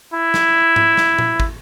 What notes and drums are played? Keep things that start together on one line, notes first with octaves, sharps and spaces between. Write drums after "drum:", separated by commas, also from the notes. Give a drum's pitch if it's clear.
E4
drum: snare
drum: tom G#2
drum: snare
drum: tom A#2
drum: kick